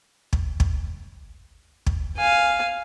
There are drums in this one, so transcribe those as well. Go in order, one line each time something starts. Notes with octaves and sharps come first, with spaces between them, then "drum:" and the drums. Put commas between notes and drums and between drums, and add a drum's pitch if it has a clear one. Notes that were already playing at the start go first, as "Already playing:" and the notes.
drum: kick
drum: kick
drum: kick
F5 G#5